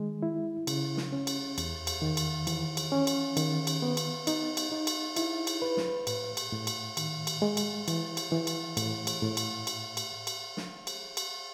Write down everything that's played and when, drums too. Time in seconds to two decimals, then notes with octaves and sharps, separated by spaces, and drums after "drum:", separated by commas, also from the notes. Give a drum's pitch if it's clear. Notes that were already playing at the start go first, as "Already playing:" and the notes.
Already playing: D#3 G#3
0.23 E4
0.67 C#3, drum: cymbal
0.97 drum: snare
1.13 C#4
1.27 drum: cymbal
1.58 E2, drum: cymbal
1.87 drum: cymbal
2.02 D#3
2.17 drum: cymbal
2.47 E3, drum: cymbal
2.77 drum: cymbal
2.92 C#4
3.07 drum: cymbal
3.37 D#3, drum: cymbal
3.67 drum: cymbal
3.82 B3
3.97 drum: cymbal
4.27 D#4, drum: cymbal
4.57 drum: cymbal
4.72 D#4
4.87 drum: cymbal
5.16 E4, drum: cymbal
5.47 drum: cymbal
5.62 B4
5.77 drum: snare
6.07 A2, drum: cymbal
6.37 drum: cymbal
6.52 A2
6.67 drum: cymbal
6.97 D#3, drum: cymbal
7.27 drum: cymbal
7.42 G#3
7.57 drum: cymbal
7.88 E3, drum: cymbal
8.17 drum: cymbal
8.32 E3
8.47 drum: cymbal
8.77 A2, drum: cymbal
9.07 drum: cymbal
9.22 A2
9.37 drum: cymbal
9.67 drum: cymbal
9.97 drum: cymbal
10.27 drum: cymbal
10.57 drum: snare
10.87 drum: cymbal
11.17 drum: cymbal